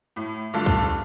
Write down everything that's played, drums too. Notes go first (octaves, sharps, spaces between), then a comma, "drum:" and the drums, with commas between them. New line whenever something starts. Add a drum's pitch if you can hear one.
A2
G2 D3 A3 F4 A4
drum: kick